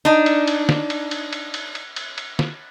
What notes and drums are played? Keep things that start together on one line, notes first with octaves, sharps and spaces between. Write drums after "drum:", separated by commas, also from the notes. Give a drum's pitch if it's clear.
D4 D#4
drum: cymbal
drum: cymbal
drum: snare
drum: cymbal
drum: cymbal
drum: cymbal
drum: cymbal
drum: cymbal
drum: cymbal
drum: cymbal
drum: snare